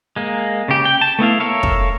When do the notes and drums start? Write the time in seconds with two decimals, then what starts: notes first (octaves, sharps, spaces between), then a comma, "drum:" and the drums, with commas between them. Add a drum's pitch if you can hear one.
0.16 G#3 A#3
0.68 C#3 G4
0.85 G5
1.01 A5
1.19 A3 B3 E4 F5
1.40 A4 A#4 C#5 E5 F5
1.63 drum: kick